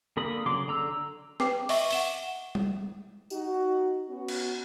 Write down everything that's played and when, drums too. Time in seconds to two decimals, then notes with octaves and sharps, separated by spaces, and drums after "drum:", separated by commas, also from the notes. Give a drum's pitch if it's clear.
0.17 D3 A#3 A#4 B5 D#6
0.46 C#3 F#3 C6 D6
0.68 D3 A#5 E6
1.40 B4 G5 D6 C7, drum: snare
1.69 D#5 E5 C#6, drum: open hi-hat
1.90 F#5 E7 G7, drum: open hi-hat
2.55 drum: tom G3
3.30 D#4 F#4, drum: tambourine
4.09 B3 C#4 F#4
4.28 drum: cymbal